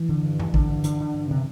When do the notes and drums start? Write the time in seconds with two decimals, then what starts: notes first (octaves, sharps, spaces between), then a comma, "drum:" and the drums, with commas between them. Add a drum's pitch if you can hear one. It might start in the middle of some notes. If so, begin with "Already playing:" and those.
Already playing: E3
0.09 D3
0.23 G2
0.40 D3, drum: tom F#2
0.54 D3, drum: kick A1
0.69 G2
0.84 D3, drum: hi-hat
1.00 D3
1.14 G2
1.30 C3